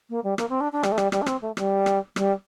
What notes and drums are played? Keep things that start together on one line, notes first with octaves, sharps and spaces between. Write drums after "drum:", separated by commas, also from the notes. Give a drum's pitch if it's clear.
A#3
G3
A#3, drum: rim click
C4
D4
D4
G3, drum: rim click
A3
G3, drum: rim click
G3, drum: rim click
D4
C4, drum: rim click
A3
G3, drum: rim click
drum: rim click
G3, drum: rim click